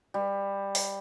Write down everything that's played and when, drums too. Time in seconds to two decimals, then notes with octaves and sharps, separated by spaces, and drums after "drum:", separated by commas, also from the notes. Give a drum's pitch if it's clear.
0.14 G3
0.75 drum: open hi-hat